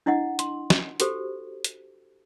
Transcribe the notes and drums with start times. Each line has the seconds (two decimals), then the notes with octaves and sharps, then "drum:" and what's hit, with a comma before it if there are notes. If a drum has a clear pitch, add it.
0.06 D4 E4 D#5 F#5
0.39 C6, drum: hi-hat
0.70 drum: snare
1.00 F#4 G4 A4 C5, drum: hi-hat
1.64 drum: hi-hat